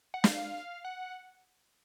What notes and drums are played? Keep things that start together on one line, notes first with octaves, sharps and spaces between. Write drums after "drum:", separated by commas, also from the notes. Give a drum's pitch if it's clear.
F#5
F5, drum: snare
F#5